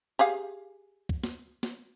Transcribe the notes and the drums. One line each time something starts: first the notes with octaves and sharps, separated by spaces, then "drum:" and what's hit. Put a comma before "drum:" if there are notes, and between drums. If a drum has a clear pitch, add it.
G4 G#4 F5
drum: kick
drum: snare
drum: snare